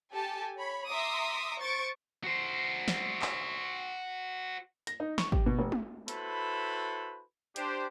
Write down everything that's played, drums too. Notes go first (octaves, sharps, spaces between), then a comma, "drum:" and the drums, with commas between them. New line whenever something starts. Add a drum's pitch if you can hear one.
G4 A4 G#5 A5
C#5 B5
E5 A#5 C6 D6 D#6
C5 C#6 A6 D7
F#4 C5
drum: snare
drum: clap
A#6, drum: hi-hat
D#4
C#6, drum: snare
G4, drum: kick
B2
F1
drum: tom G#3
E4 F#4 A4 B4 C5 B5, drum: hi-hat
D4 G4 C5, drum: hi-hat